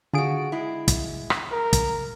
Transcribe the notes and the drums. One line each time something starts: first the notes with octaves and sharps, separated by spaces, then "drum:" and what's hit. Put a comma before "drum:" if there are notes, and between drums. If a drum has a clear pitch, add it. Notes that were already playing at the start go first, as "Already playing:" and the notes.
D3 F4 F#4 G#4 D7
G#3 E4
drum: kick, hi-hat
drum: rim click
A#4
drum: kick, hi-hat